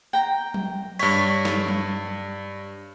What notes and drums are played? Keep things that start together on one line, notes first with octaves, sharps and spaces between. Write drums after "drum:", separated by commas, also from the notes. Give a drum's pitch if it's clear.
G5 A#5
drum: tom F#3
G2 C#5 B6, drum: cymbal
drum: snare
drum: tom F#3